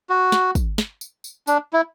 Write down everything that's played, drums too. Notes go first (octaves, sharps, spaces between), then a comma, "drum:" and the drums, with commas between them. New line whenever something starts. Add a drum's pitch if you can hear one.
F#4
drum: snare
drum: kick, tambourine
drum: snare
drum: tambourine
drum: tambourine
D4, drum: tambourine
E4